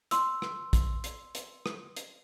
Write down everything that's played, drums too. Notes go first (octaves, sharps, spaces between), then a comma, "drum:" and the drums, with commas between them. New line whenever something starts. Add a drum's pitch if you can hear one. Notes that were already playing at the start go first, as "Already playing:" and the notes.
C6 E6, drum: hi-hat
drum: rim click
drum: kick, hi-hat
drum: hi-hat
drum: hi-hat
drum: rim click
drum: hi-hat